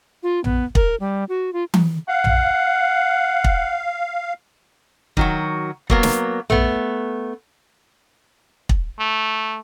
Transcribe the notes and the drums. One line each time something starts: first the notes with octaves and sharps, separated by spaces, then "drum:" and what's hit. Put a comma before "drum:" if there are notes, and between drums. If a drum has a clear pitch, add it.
F4
B3, drum: tom A#1
A#4, drum: kick
G3
F#4
F4
drum: tom E3
F5 F#5
drum: tom A#1
drum: kick
D#3 F#3 F#4, drum: kick
F#3 A#3 B3, drum: kick
drum: snare
A3 B3, drum: tom A#1
drum: kick
A3